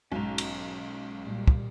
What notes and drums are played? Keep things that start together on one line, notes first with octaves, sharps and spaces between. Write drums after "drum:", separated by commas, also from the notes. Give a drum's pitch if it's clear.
B1 G#2 C#4 A#5
drum: cymbal
A#2 G3
drum: kick